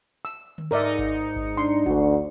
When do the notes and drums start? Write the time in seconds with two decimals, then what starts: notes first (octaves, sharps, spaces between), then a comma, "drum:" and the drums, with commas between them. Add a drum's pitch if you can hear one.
0.25 E6
0.58 drum: tom D3
0.71 G#2 D#4 A#4 D5 E5 C#7
0.99 drum: kick G#1
1.36 drum: kick G#1
1.57 D4 C6
1.86 D2 F#4, drum: kick G#1